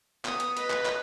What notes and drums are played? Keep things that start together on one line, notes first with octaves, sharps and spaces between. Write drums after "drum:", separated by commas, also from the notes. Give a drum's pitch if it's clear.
B3 D#6, drum: clap
drum: hi-hat
B4 D#5, drum: hi-hat
drum: clap
drum: clap